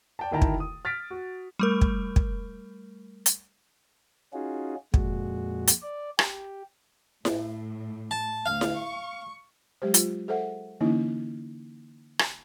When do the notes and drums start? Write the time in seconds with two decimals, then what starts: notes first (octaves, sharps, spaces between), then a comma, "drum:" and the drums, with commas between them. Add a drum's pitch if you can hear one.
0.19 D5 G5 A5
0.31 D1 D#3 E4 G5 A5 A#5
0.42 drum: kick
0.60 D#6
0.85 F6 A6 B6 D7
1.10 F#4
1.59 G3 A3 A#4
1.81 drum: kick
2.16 drum: kick
3.26 drum: hi-hat
4.33 C#4 D#4 F4 F#4 G#4
4.94 F2 A#2 G#3 F#4, drum: kick
5.67 drum: hi-hat
5.82 D5
6.19 G4, drum: rim click
7.25 A2, drum: snare E4
8.11 A5
8.46 D2 F5
8.61 drum: snare E4
8.78 C#6
9.82 F#3 G#3 G4 C5
9.94 F4, drum: hi-hat
10.28 G#4 A4 C5 E5 F#5
10.80 D3 E3 A#3 C#4 D#4 E4
12.19 drum: rim click